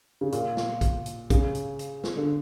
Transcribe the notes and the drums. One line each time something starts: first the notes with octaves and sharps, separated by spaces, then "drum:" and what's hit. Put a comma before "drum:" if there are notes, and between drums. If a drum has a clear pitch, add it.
C#3
A#2, drum: hi-hat
drum: snare
drum: kick, hi-hat
drum: hi-hat
C#3, drum: kick, hi-hat
drum: hi-hat
drum: hi-hat
drum: snare
D3